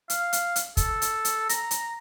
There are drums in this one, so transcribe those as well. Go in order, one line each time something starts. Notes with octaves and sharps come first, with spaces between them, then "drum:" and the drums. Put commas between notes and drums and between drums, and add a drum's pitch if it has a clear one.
F5, drum: hi-hat
drum: hi-hat
drum: hi-hat
A4, drum: kick, hi-hat
drum: hi-hat
drum: hi-hat
A#5, drum: hi-hat
drum: hi-hat